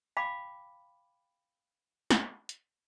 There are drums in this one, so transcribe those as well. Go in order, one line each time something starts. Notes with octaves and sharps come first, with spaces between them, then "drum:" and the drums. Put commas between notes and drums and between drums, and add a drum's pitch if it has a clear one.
F5 G5 B5 D6
drum: snare
drum: hi-hat